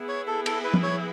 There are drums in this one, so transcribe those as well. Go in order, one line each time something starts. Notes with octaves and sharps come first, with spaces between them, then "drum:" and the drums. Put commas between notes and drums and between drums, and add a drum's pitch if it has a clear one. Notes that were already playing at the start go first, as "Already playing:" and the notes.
Already playing: B3 E4 G#4
C#5
A4
A4, drum: cymbal
B4
drum: tom F3
C#5